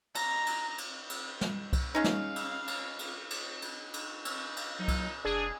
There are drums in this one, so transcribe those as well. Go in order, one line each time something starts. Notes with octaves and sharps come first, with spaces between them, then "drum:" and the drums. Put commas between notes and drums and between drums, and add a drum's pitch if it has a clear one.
A#5, drum: cymbal
drum: cymbal
drum: cymbal
drum: cymbal
drum: snare
drum: kick C2, cymbal
G#3 C#4 D#4 F5
drum: snare
drum: cymbal
drum: cymbal
drum: cymbal
drum: cymbal
drum: cymbal
drum: cymbal
drum: cymbal
drum: cymbal
A#2 F#3 D#4
drum: kick C2, cymbal
F1 D4 G#4